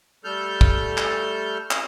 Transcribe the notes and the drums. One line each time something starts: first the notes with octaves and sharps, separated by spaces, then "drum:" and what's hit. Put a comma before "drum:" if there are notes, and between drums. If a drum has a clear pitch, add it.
G3 A3 A4 F6 G6
drum: kick
drum: clap
drum: clap